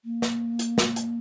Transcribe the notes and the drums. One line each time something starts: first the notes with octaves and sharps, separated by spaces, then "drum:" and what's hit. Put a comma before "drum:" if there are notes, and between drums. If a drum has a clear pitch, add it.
A#3
drum: snare
drum: hi-hat
drum: snare
drum: hi-hat